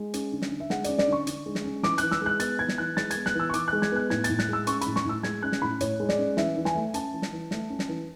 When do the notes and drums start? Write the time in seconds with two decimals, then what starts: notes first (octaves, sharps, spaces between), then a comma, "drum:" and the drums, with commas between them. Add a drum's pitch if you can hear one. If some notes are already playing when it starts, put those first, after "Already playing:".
Already playing: G#3
0.14 C#4, drum: hi-hat
0.32 D3
0.42 drum: snare
0.51 D3
0.60 E5
0.70 G#3 F#5, drum: snare
0.84 C#4 D5, drum: hi-hat
0.98 D5, drum: snare
1.08 D3 C#6
1.27 D3, drum: hi-hat
1.46 G#3
1.55 drum: snare
1.64 C#4
1.83 E3 D6, drum: snare
1.98 E3 F#6, drum: hi-hat
2.11 E6, drum: snare
2.22 G#3 F#6
2.40 B3 A6, drum: hi-hat
2.59 E3 G#6
2.69 drum: snare
2.78 E3 F#6
2.97 G#3 A6, drum: snare
3.11 G#6, drum: hi-hat
3.16 B3
3.26 F#6, drum: snare
3.35 E3 E6
3.49 C#6
3.54 E3 D6, drum: hi-hat
3.68 G#3 F#6
3.82 G#6, drum: snare
3.92 B3 F#6
4.10 A2 G#6, drum: snare
4.24 A6, drum: hi-hat
4.29 A2
4.39 F#6, drum: snare
4.48 G#3 E6
4.67 C#4 C#6, drum: hi-hat
4.81 A2 B5, drum: hi-hat
4.96 C#6, drum: snare
5.05 A2 E6
5.23 G#3 G#6, drum: snare
5.43 C#4 F#6
5.52 drum: snare
5.62 A2 B5
5.80 A2 C#5, drum: hi-hat
6.00 G#3
6.09 D5, drum: snare
6.18 C#4
6.37 E3 E5, drum: snare
6.56 E3
6.65 G#5, drum: snare
6.75 A3
6.94 C#4 A5, drum: hi-hat
7.13 E3
7.22 drum: snare
7.32 E3
7.51 A3, drum: snare
7.70 C#4
7.79 drum: snare
7.88 E3